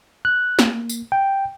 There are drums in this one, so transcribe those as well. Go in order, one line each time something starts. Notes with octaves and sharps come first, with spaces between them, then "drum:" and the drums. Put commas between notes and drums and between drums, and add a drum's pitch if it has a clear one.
F#6
A#3, drum: snare
drum: tambourine
G5